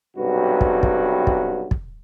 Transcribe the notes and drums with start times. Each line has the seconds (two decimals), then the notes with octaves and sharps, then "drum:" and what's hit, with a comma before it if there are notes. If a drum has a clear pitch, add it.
0.17 B1 G2 C3 F#4 B4
0.61 drum: kick
0.83 drum: kick
1.27 drum: kick
1.71 drum: kick